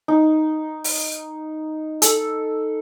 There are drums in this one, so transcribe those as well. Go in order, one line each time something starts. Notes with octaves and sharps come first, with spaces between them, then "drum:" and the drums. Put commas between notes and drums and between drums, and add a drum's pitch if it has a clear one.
D#4
drum: open hi-hat
A4, drum: hi-hat